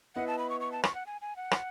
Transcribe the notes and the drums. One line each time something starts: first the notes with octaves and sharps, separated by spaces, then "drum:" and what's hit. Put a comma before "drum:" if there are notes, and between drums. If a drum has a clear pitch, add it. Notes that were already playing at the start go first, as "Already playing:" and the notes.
B3 E4 B4 D#5 F#5
A5
B5
C#6
C#6
A5
C#6, drum: rim click
F#5
G#5
G#5
F#5
drum: rim click